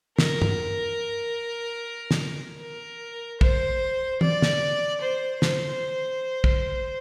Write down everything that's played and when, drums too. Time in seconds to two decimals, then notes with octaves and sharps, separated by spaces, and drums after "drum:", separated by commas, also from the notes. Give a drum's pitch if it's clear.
0.19 A#4, drum: snare
0.42 drum: tom G2
2.11 drum: snare
2.60 A#4
3.41 C5, drum: kick
4.21 D5, drum: tom
4.42 drum: snare
5.01 C5
5.42 C5, drum: snare
6.44 drum: kick